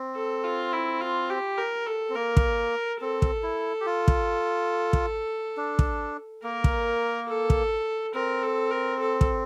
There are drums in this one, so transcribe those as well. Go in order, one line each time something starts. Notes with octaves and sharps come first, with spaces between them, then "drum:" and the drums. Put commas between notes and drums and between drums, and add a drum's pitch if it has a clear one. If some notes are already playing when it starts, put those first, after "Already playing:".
Already playing: C4
A4
F4
E4
F4
G4
A#4
A4
C4
A#3 A#4
drum: kick
C4 A4
drum: kick
E4
G4
F4
drum: kick
drum: kick
D4
drum: kick
A#3 A#4
drum: kick
A4
drum: kick
C4 A#4
A4
A#4
A4
drum: kick